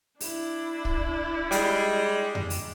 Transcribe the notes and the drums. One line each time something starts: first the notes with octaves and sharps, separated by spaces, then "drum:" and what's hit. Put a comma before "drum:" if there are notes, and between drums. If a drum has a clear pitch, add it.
D4 E4, drum: open hi-hat
drum: kick
G3 G#3, drum: hi-hat
drum: tom F2
drum: open hi-hat